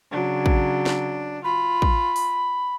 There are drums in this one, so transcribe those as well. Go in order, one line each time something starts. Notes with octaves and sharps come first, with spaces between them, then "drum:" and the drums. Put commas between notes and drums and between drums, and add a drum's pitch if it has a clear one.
C#3 F#3 D4
drum: kick
drum: snare
F4 B5
drum: kick
drum: open hi-hat